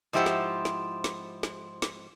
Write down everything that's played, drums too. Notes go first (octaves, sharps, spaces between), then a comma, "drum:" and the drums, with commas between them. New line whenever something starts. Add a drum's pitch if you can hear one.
G#2 F3 E4 G4 C5 F#5
drum: snare
drum: snare
drum: snare
drum: snare
drum: snare